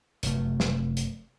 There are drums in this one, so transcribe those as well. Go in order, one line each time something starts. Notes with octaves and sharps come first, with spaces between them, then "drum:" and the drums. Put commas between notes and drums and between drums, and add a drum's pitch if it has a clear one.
F1 F#2 A3, drum: hi-hat
drum: snare
drum: hi-hat